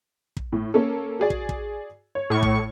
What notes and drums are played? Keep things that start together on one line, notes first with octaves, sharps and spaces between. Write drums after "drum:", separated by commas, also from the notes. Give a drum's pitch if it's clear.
drum: kick
A2
A#3 C#4 A4
F#4 G#4 D5
drum: kick
drum: kick
C#5
A2 C#6
drum: kick